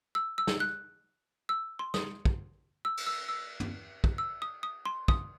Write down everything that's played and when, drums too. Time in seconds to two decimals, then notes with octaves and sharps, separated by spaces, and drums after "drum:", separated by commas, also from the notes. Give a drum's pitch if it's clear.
0.15 E6
0.38 E6
0.47 drum: snare
0.60 F#6
1.49 E6
1.79 C6
1.94 D#6, drum: snare
2.25 drum: kick
2.85 E6
2.97 drum: cymbal
3.07 E6
3.28 E6
3.60 drum: tom
4.04 drum: kick
4.18 E6
4.42 D#6
4.63 D#6
4.85 C6
5.08 D#6, drum: kick